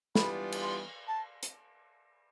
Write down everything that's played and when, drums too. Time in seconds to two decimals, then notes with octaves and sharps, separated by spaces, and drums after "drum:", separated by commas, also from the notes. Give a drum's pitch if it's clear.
0.15 E3 G3 B3 D4 F4 B5, drum: snare
0.52 drum: cymbal
0.62 C6
1.08 A5
1.43 drum: hi-hat